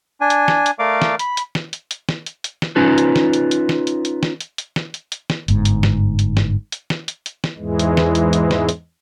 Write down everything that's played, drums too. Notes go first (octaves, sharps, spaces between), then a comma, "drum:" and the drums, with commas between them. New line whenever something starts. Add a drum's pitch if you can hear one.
D4 G#5
drum: hi-hat
drum: snare
drum: hi-hat
A3 A#4 D5 F5 D6
drum: snare
B5, drum: hi-hat
drum: hi-hat
drum: snare
drum: hi-hat
drum: hi-hat
drum: snare
drum: hi-hat
drum: hi-hat
drum: snare
C#4 D#4 F4 B4
drum: hi-hat
drum: snare
drum: hi-hat
drum: hi-hat
drum: snare
drum: hi-hat
drum: hi-hat
drum: snare
drum: hi-hat
drum: hi-hat
drum: snare
drum: hi-hat
drum: hi-hat
drum: snare
G1 G#2, drum: hi-hat
drum: hi-hat
drum: snare
drum: hi-hat
drum: snare
drum: hi-hat
drum: snare
drum: hi-hat
drum: hi-hat
drum: snare
E2 G#2 E3 G#3
drum: hi-hat
drum: snare
drum: hi-hat
drum: hi-hat
drum: snare
drum: hi-hat